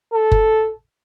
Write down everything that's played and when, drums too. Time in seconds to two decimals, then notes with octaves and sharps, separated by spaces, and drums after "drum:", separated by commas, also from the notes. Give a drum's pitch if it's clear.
0.14 A4
0.32 drum: kick F#1